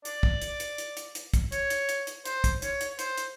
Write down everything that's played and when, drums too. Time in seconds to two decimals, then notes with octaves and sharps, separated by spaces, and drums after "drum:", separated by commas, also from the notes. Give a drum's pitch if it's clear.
0.05 D5, drum: hi-hat
0.23 drum: kick
0.42 drum: hi-hat
0.60 drum: hi-hat
0.78 drum: hi-hat
0.97 drum: hi-hat
1.15 drum: hi-hat
1.34 drum: kick, hi-hat
1.52 C#5, drum: hi-hat
1.70 drum: hi-hat
1.89 drum: hi-hat
2.07 drum: hi-hat
2.25 C5, drum: hi-hat
2.44 drum: kick, hi-hat
2.62 C#5, drum: hi-hat
2.81 drum: hi-hat
2.99 C5, drum: hi-hat
3.17 drum: hi-hat